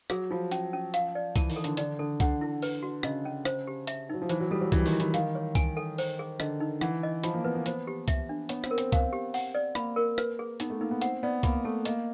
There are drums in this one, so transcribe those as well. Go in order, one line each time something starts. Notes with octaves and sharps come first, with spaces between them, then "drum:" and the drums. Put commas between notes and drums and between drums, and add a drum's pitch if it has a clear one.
F#3 G#4, drum: rim click
F3 F4
C#4, drum: hi-hat
C#4
F5, drum: hi-hat
D5
E3 A5, drum: kick C2, hi-hat
D#3, drum: open hi-hat
A4
D3, drum: hi-hat
D3 D5, drum: hi-hat
D3 A4
D3 F#5, drum: kick C2, hi-hat
E4
B4, drum: open hi-hat
F#4
C#3 D#5, drum: rim click
C#4
C5, drum: rim click
G4
E5, drum: hi-hat
F#3 D#4
F3
E3 C5, drum: hi-hat
F#3
G3 A4
F#3
E3 E4, drum: kick C2, hi-hat
D#3, drum: open hi-hat
E4
E3, drum: hi-hat
D#3 F5, drum: hi-hat
C#5
G#5, drum: kick C2, hi-hat
A4
C5, drum: open hi-hat
G#4
D3 D#5, drum: rim click
D#4
E3 F#5, drum: rim click
D#5
F3 B5, drum: hi-hat
A#3
B3 B4
A#3
B3 C5, drum: hi-hat
G4
E5, drum: kick C2, hi-hat
D4
B3 C#5, drum: hi-hat
C4, drum: rim click
A#4
C4, drum: hi-hat
F5, drum: kick C2, hi-hat
G4
F#5, drum: open hi-hat
D5
A#3 B5, drum: rim click
A#4
B4, drum: rim click
G#4
B3 D#4, drum: hi-hat
A3
A#3 D#4
B3
C4 F#5, drum: hi-hat
B3 D5
A#3 B5, drum: kick C2, hi-hat
A3 A4
A#3 D#5, drum: hi-hat